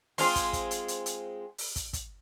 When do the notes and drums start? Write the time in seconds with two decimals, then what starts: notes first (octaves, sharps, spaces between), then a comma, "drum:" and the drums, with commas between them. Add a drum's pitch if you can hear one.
0.18 G#3 C4 F4 G#4 F5 C6, drum: open hi-hat
0.36 drum: kick, hi-hat
0.53 drum: kick, hi-hat
0.71 drum: hi-hat
0.88 drum: hi-hat
1.06 drum: hi-hat
1.58 drum: open hi-hat
1.76 drum: kick, hi-hat
1.93 drum: kick, hi-hat